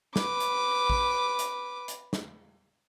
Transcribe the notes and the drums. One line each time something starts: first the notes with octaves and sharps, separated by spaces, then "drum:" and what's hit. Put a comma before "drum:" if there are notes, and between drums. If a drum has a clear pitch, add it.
B4 D6, drum: snare
drum: hi-hat
drum: kick A#1
drum: hi-hat
drum: hi-hat
drum: snare